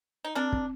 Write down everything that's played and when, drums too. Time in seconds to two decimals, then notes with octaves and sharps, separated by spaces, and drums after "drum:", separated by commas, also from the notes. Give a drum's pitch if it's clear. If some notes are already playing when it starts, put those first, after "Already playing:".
0.25 D#4
0.35 A#3 C4 D4
0.52 C4, drum: kick